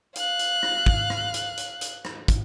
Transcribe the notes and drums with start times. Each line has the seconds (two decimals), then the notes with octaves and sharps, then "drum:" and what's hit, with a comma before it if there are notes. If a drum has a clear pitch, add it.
0.15 F5 F#6, drum: hi-hat
0.39 drum: hi-hat
0.63 drum: rim click
0.86 drum: kick
1.10 drum: rim click
1.34 drum: hi-hat
1.57 drum: hi-hat
1.81 drum: hi-hat
2.05 drum: rim click
2.28 drum: kick, hi-hat